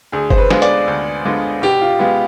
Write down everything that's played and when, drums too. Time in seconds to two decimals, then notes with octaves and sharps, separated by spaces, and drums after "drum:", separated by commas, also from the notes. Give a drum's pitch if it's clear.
0.12 D2 G#4
0.30 C5, drum: kick F#1
0.38 B4
0.50 D3 G#3 B3 F4, drum: snare
0.62 D5, drum: hi-hat
0.88 D2
1.25 D3 G#3 B3 F4
1.62 B2 G4
1.81 F4
1.99 G#3 B3 F4